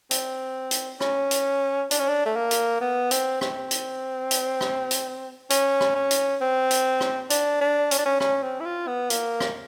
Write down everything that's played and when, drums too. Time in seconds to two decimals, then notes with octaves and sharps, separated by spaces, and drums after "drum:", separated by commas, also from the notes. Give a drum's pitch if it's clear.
0.11 C4, drum: hi-hat
0.71 drum: hi-hat
1.01 C#4, drum: rim click
1.31 drum: hi-hat
1.91 D4, drum: hi-hat
1.99 C#4
2.09 D4
2.26 A3
2.36 A#3
2.51 drum: hi-hat
2.81 B3
3.11 C4, drum: hi-hat
3.41 C4, drum: rim click
3.71 drum: hi-hat
4.31 drum: hi-hat
4.61 drum: rim click
4.91 drum: hi-hat
5.50 C#4, drum: hi-hat
5.81 drum: rim click
5.95 C#4
6.11 drum: hi-hat
6.41 C4
6.71 drum: hi-hat
7.01 drum: rim click
7.30 D4, drum: hi-hat
7.61 D4
7.91 C#4, drum: hi-hat
7.98 D4
8.06 C#4
8.20 C#4, drum: rim click
8.43 C4
8.60 E4
8.65 F4
8.88 B3
9.10 A#3, drum: hi-hat
9.40 drum: rim click